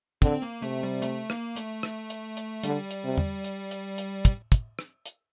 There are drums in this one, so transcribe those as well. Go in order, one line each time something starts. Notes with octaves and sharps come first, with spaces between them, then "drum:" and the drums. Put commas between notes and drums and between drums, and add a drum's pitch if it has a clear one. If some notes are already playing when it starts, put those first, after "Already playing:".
D3 C4, drum: kick, hi-hat
A#3
C3 A3
G3
A3, drum: hi-hat
A#3, drum: rim click
A3, drum: hi-hat
drum: rim click
drum: hi-hat
drum: hi-hat
D3 G3, drum: hi-hat
drum: hi-hat
C3
drum: tom E2
drum: hi-hat
drum: hi-hat
drum: hi-hat
drum: kick, hi-hat
drum: kick, hi-hat
drum: rim click
drum: hi-hat